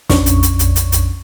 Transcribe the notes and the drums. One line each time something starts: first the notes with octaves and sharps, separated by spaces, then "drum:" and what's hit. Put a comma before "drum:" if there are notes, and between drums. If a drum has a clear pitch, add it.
A#1 F2 C#4 D4 C#6, drum: snare
drum: hi-hat
drum: hi-hat
drum: hi-hat
drum: hi-hat
drum: hi-hat